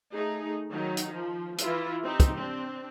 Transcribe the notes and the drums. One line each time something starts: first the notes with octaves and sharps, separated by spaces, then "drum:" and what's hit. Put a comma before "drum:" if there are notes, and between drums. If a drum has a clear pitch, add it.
A3 D#4 G#4
D#3 F#3 D#4
drum: hi-hat
F3
E3 E4 F4, drum: hi-hat
C4 D#4 G4
drum: kick, hi-hat
C4 D4